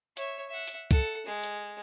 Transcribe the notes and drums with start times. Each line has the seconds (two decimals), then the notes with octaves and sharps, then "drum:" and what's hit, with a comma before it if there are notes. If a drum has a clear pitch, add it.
0.17 C#5 E5, drum: hi-hat
0.49 E5 F#5
0.67 drum: hi-hat
0.91 A4 F#5, drum: kick, hi-hat
1.26 G#3
1.43 drum: hi-hat